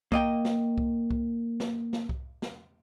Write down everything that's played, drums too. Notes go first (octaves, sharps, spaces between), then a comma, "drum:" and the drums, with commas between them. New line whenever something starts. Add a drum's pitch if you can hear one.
A#3 D#5 G5, drum: kick C2
drum: snare
drum: kick C2
drum: kick C2
drum: snare
drum: snare
drum: kick C2
drum: snare